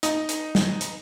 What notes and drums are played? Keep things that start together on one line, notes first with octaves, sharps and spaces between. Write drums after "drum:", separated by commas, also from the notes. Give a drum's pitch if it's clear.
D#4, drum: hi-hat
drum: hi-hat
drum: snare
drum: hi-hat